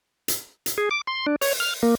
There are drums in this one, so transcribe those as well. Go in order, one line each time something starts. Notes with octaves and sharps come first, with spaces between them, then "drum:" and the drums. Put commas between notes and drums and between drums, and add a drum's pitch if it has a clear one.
drum: hi-hat
drum: hi-hat
G#4
D6
C6
D4
C#5, drum: open hi-hat
F6
A#3